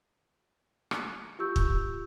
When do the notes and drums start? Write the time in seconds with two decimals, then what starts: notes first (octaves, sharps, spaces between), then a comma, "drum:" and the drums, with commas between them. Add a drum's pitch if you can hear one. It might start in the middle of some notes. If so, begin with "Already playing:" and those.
0.91 drum: rim click
1.39 F4 G4 C#6 E6 G6
1.56 drum: kick